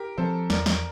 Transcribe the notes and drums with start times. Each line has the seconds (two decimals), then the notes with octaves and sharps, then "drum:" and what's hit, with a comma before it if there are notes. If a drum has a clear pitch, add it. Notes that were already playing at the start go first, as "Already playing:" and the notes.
Already playing: G4 A#4
0.18 F3 C4 A4 C5
0.50 E2 A#4 D5, drum: snare
0.66 drum: snare